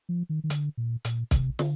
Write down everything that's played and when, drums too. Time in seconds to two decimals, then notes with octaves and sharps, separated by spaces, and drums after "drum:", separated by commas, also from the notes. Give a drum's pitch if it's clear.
0.09 F3
0.29 D#3
0.44 D#3
0.50 D3, drum: hi-hat
0.77 A#2
1.05 A#2, drum: hi-hat
1.31 C3, drum: kick, hi-hat
1.59 D3, drum: snare